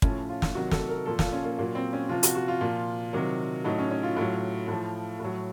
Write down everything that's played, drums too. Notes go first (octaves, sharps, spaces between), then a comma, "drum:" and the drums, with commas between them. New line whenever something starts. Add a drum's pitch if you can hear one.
A2 F3 C#4, drum: kick
F4
drum: snare
C3 D#3 F#3 F#4
A4, drum: snare
A#4
A#2 F3 A4
F4, drum: snare
C#4
A#3
A#2 F#3 A#3
C4
C#4
C3 F3 F4
F#4, drum: hi-hat
F#4
F4
A#2 F3
C3 D#3 F#3
A2 F#3 D#4
C#4
C#4
F4
A2 F#3
A2 F3
A2 F#3